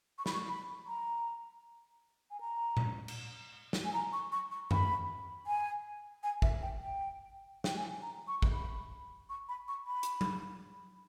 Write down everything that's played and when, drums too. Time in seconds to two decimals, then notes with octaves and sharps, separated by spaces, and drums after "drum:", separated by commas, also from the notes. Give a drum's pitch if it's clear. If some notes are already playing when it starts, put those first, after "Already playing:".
0.18 C#6
0.26 B5, drum: snare
0.34 C#6
0.49 B5
0.87 A#5
2.31 G#5
2.40 A#5
2.77 drum: tom A#2
3.08 drum: cymbal
3.73 drum: snare
3.85 G#5
3.93 A#5
4.13 C#6
4.32 C#6
4.51 C#6
4.71 B5, drum: tom F#2
5.47 G#5
6.23 G#5
6.42 E5, drum: kick A1
6.62 G5
6.80 G5
7.64 G5, drum: snare
7.76 G#5
8.02 A#5
8.28 C#6
8.42 drum: kick A1
8.53 B5
9.29 C#6
9.48 B5
9.68 C#6
9.87 B5
10.03 drum: hi-hat
10.21 drum: tom F#3